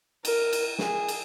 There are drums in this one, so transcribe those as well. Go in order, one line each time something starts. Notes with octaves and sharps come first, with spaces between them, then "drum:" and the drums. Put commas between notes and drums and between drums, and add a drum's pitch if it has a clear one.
A#4, drum: cymbal
drum: cymbal
G#4, drum: snare
drum: cymbal